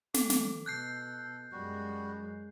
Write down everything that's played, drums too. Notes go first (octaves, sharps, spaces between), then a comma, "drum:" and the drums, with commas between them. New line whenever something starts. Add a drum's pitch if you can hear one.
A4 D6, drum: snare
drum: snare
B2 A4 F#6 G6 C7
F#2 G3 G#3 F#4